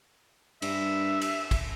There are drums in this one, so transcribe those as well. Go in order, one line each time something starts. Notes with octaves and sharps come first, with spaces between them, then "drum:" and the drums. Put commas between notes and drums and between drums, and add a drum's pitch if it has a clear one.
G2 E5, drum: cymbal
drum: cymbal
drum: kick, cymbal